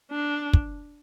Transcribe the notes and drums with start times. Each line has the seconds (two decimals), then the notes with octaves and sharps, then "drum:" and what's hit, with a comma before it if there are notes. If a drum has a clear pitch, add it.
0.11 D4
0.53 drum: kick